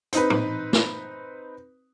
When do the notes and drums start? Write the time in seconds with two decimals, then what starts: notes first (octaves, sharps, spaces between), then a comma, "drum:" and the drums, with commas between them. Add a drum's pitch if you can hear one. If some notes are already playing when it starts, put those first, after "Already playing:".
0.13 C4 D#4 B4, drum: hi-hat
0.30 drum: tom
0.73 drum: snare